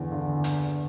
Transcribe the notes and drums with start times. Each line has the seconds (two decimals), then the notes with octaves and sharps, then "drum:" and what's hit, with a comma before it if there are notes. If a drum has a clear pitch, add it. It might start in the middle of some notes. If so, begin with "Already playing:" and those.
Already playing: E2 D3
0.12 D3
0.44 drum: hi-hat